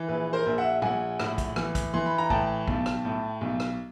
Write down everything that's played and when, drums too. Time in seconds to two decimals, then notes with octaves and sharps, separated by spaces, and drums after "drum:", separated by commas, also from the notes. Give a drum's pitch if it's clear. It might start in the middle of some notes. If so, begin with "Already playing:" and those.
Already playing: E3
0.08 A#1 B4
0.33 A#4 C5
0.46 A#1
0.58 E5 F#5
0.82 A#1 F#5 G#5, drum: tom
1.20 A2, drum: rim click
1.38 drum: kick, hi-hat
1.56 E3, drum: rim click
1.75 drum: kick, hi-hat
1.94 E3 C6
2.06 B5
2.18 A#5
2.30 A2 G5 A5, drum: kick
2.68 B1, drum: kick
2.86 drum: rim click
3.05 A2
3.41 B1
3.60 drum: rim click